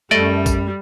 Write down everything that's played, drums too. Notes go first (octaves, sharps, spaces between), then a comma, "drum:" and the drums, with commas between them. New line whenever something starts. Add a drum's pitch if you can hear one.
F#2 G3 A3 D5 D#5
drum: kick A#1, tambourine